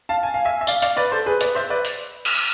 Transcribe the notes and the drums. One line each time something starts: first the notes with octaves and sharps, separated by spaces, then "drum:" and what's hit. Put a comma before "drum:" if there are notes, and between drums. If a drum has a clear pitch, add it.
F5 A5
G#5
F5
E5 G#5
E5
D5 F5, drum: tambourine
D5 F5, drum: hi-hat
B4 D5
A4 C5
G#4 B4
B4 D5, drum: hi-hat
C5 E5
B4 D5
drum: open hi-hat
drum: cymbal